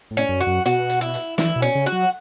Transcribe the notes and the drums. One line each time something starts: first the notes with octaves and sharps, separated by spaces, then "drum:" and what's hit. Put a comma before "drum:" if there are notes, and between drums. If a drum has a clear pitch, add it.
A2
C#4
F#2
F#4
F#2
B2 F#4, drum: hi-hat
drum: hi-hat
E4
drum: hi-hat
E3 E4, drum: snare
B2
C#4, drum: hi-hat
C#3
F#4
F#3